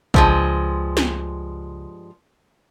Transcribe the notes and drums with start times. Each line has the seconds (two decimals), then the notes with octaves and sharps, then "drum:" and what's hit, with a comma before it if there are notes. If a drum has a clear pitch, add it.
0.14 C#2 G2 F3 G#3, drum: kick A1
0.97 drum: snare